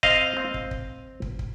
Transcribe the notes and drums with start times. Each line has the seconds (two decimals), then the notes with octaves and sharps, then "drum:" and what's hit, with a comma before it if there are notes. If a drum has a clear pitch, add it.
0.03 C4 D#5 F5, drum: kick
0.37 C4
0.54 drum: kick
0.71 drum: kick
1.22 drum: kick
1.39 drum: kick